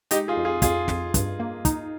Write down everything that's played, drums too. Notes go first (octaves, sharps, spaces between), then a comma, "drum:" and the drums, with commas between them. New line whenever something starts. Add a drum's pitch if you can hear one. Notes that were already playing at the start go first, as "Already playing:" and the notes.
G#3 D#4 G4, drum: hi-hat
F4 G#4
F2
F4 G#4
F2 F4 G#4, drum: kick, hi-hat
F2, drum: snare
G2, drum: kick, hi-hat
A#3
D#4, drum: kick, hi-hat